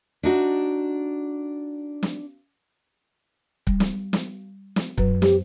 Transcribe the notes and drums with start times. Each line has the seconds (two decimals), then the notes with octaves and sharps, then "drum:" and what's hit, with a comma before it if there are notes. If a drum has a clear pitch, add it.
0.23 D4 D#4 F#4
2.03 drum: snare
3.67 G3, drum: kick C#1
3.80 drum: snare
4.13 drum: snare
4.76 drum: snare
4.98 F#2 F#3 B4, drum: kick C#1
5.22 G4 C5, drum: snare